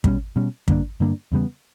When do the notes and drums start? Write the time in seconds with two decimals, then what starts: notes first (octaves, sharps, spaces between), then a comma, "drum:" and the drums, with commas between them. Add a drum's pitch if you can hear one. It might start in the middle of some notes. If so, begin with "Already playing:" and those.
0.04 B2 G3 C#4, drum: kick
0.36 B2 G3 C#4
0.68 G2 D3 A#3 D4, drum: kick
1.00 G2 D3 A#3 D4
1.32 E2 C#3 G3 B3